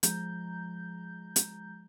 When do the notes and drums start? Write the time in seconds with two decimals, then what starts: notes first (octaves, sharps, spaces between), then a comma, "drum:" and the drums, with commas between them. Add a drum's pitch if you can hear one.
0.03 F3 G#3 A#5 G6, drum: hi-hat
1.36 drum: hi-hat